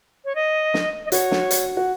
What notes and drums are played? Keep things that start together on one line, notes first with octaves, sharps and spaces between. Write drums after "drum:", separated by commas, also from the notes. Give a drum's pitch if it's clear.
C#5
D#5
drum: snare
D#5
F#4 C#5, drum: hi-hat
drum: snare
drum: hi-hat
F#4